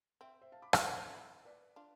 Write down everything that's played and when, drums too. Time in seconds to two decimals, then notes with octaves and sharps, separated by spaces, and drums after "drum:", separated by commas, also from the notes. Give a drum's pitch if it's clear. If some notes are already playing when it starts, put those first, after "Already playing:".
0.21 C4 E5 G5
0.41 C5 E5
0.52 F5 A5
0.62 B5 D6
0.73 B5 D6, drum: rim click
0.83 B3 D4 A5 C6
1.10 D4
1.14 C4 E4
1.45 B4 D5
1.76 D4 F4